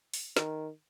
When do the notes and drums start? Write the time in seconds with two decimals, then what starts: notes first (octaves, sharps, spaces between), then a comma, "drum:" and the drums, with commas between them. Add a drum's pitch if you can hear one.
0.14 drum: open hi-hat
0.37 D#3, drum: snare